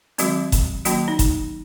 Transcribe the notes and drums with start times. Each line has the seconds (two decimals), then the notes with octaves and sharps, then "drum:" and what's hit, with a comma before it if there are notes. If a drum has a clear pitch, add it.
0.18 D#3 F#3 G#3 C4 F#4, drum: hi-hat
0.52 drum: kick F#1, hi-hat
0.85 D#3 F#3 A#3 C#4 F#4, drum: hi-hat
1.08 D#4
1.19 drum: kick F#1, hi-hat